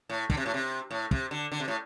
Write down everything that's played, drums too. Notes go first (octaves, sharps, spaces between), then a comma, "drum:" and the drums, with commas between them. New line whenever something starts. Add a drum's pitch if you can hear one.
A2
D3, drum: kick
C3
A2
C3
A2
C3, drum: kick
D3
D3
C3
A2